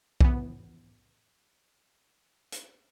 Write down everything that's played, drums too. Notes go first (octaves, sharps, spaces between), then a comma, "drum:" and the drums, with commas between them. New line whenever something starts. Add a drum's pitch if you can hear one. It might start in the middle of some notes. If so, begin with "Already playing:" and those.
E3 B3, drum: kick B1
drum: hi-hat